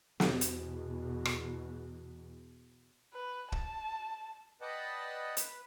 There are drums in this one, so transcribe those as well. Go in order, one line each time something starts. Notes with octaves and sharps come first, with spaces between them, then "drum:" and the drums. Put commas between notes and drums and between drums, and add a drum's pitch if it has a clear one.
E2 B2, drum: snare
drum: hi-hat
drum: rim click
B4
A5, drum: kick
B4 D5 D#5 F#5 G5 A5
B4, drum: hi-hat